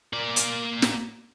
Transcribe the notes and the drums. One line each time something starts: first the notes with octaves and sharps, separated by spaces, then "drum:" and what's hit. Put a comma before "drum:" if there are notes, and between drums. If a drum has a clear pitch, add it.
A#3 D5
drum: hi-hat
drum: snare